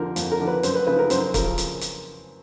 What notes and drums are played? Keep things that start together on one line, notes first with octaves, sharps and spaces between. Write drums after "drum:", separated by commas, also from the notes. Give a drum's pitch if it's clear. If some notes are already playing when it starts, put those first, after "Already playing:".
Already playing: F2 D3 F3 A#4
F2, drum: hi-hat
A#4
D3 F3
B4
F#2 C5, drum: hi-hat
B4
C#3 F3 B4
A#4
F#2 C5, drum: hi-hat
C#3 F3 A#4, drum: kick, hi-hat
drum: hi-hat
drum: hi-hat